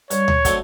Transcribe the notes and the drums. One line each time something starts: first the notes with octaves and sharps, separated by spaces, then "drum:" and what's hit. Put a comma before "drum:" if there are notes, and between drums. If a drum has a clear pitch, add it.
G2 C#5, drum: hi-hat
drum: tom D2
D3 F#3 A3 C4, drum: kick, hi-hat